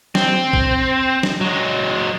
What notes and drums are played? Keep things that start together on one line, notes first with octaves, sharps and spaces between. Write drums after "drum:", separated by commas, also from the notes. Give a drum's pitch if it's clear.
C4, drum: snare
drum: kick
drum: snare
F#3 G#3